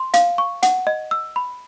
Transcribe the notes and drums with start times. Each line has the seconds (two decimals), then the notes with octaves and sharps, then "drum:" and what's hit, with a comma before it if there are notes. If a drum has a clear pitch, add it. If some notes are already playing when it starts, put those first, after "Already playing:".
Already playing: C6
0.14 F5, drum: hi-hat
0.38 C#6
0.63 F#5, drum: hi-hat
0.87 D#5
1.11 E6
1.36 B5